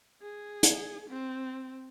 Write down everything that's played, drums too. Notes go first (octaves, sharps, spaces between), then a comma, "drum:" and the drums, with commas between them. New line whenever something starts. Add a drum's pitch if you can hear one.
G#4
drum: hi-hat
C4